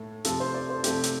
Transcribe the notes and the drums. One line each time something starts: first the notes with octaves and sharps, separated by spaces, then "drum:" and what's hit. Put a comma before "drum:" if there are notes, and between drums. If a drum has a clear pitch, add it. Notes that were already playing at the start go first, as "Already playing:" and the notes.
Already playing: A2 A3
C3 F3 A3 A4, drum: hi-hat
C5
D5
C5
C3 F3 A3 G4, drum: hi-hat
drum: hi-hat